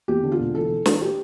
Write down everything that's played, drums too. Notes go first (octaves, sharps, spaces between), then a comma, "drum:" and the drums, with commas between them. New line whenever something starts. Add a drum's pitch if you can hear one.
E2 G4
D3
F4
E1
E3 A4
E3
E3, drum: snare
G4